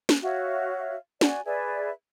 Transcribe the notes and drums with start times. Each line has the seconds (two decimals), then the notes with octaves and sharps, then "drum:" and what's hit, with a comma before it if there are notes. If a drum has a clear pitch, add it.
0.09 drum: snare
0.22 F#4 C#5 E5 F5
1.21 F#4 D5 G#5, drum: snare
1.45 G#4 B4 D5 E5